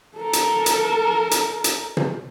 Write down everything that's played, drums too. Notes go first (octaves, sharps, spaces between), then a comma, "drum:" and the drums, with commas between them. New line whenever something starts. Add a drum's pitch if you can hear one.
A4 A#4
drum: hi-hat
drum: hi-hat
drum: hi-hat
drum: hi-hat
drum: tom